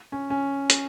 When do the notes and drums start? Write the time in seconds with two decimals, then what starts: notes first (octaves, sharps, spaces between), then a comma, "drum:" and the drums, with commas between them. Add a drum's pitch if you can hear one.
0.12 C#4
0.30 C#4
0.70 drum: hi-hat